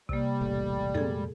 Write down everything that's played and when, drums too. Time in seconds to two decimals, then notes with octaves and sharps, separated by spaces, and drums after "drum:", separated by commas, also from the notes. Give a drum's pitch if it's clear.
0.09 C3 G3 A#3, drum: kick
0.41 E1 A1 A3
0.95 F2 A#2 G#3 G#4 A4, drum: tom